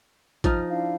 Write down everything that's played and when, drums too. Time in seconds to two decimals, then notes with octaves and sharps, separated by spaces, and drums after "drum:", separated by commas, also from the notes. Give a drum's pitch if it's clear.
0.44 F3 D#4 F6, drum: kick A1, hi-hat
0.70 D4 E4 F5